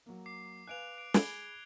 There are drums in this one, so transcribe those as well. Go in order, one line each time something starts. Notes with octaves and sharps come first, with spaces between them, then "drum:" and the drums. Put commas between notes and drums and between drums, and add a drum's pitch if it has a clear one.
F#3 A#3
D6 C7
B4 F5 G#5 F#6 D7 F7
D7
G#4 G#5 B5 G#6 D7 G7, drum: snare